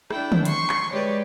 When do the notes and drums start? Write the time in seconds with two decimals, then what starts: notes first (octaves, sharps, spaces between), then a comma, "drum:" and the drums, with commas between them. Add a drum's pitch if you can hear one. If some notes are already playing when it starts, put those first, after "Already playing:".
0.11 D4 E4 G5, drum: rim click
0.32 drum: tom
0.45 C6 C#6, drum: hi-hat
0.69 drum: clap
0.93 G#3 G4 B4 C#5 D5